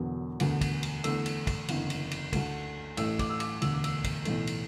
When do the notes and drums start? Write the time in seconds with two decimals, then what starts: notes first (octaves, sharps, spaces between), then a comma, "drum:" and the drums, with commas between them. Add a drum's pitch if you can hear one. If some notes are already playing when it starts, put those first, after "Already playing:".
Already playing: E1 E2 D3 F#3 B3
0.40 E1 D2 D3 B3, drum: cymbal
0.61 drum: kick, cymbal
0.83 drum: cymbal
1.04 E2 D3 A3 E6, drum: cymbal
1.26 drum: cymbal
1.47 drum: kick, cymbal
1.68 F#1 E2 D3, drum: cymbal
1.90 drum: cymbal
2.11 drum: cymbal
2.33 D2 D3 A3, drum: kick, cymbal
2.97 A1 A2 A3 E6, drum: cymbal
3.19 D6, drum: kick, cymbal
3.30 E6
3.40 D6, drum: cymbal
3.62 E1 D2 D3 E6, drum: cymbal
3.73 D6
3.84 E6, drum: cymbal
4.04 drum: kick, cymbal
4.25 B1 A2 E3 A3, drum: cymbal
4.47 drum: cymbal